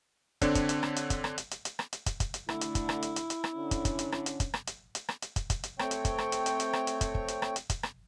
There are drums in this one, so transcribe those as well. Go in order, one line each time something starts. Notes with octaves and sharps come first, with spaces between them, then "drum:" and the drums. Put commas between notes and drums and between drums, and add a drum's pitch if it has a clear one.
D3 C4 D4 C#5, drum: kick, hi-hat
drum: kick, hi-hat
drum: hi-hat
drum: rim click
drum: hi-hat
drum: kick, hi-hat
drum: rim click
drum: hi-hat
drum: hi-hat
drum: hi-hat
drum: rim click
drum: hi-hat
drum: kick, hi-hat
drum: kick, hi-hat
drum: hi-hat
D3 A3 E4, drum: rim click
drum: hi-hat
drum: kick, hi-hat
drum: rim click
drum: hi-hat
drum: hi-hat
drum: hi-hat
drum: rim click
D3 C#4
drum: kick, hi-hat
drum: kick, hi-hat
drum: hi-hat
drum: rim click
drum: hi-hat
drum: kick, hi-hat
drum: rim click
drum: hi-hat
drum: hi-hat
drum: rim click
drum: hi-hat
drum: kick, hi-hat
drum: kick, hi-hat
drum: hi-hat
A3 C4 C#5 G5, drum: rim click
drum: hi-hat
drum: kick, hi-hat
drum: rim click
drum: hi-hat
drum: hi-hat
drum: hi-hat
drum: rim click
drum: hi-hat
drum: kick, hi-hat
drum: kick
drum: hi-hat
drum: rim click
drum: hi-hat
drum: kick, hi-hat
drum: rim click